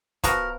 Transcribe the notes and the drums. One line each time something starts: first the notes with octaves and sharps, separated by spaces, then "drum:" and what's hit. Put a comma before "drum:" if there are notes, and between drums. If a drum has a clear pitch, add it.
F3 B3 F#4 A#4, drum: kick C#1, hi-hat